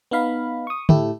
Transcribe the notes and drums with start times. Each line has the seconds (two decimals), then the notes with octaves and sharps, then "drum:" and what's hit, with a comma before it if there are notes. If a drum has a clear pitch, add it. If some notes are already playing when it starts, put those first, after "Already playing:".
0.11 B3 D#4 F5 B5
0.67 C#6 D#6
0.89 A2 A3 E4 G4 A4, drum: tom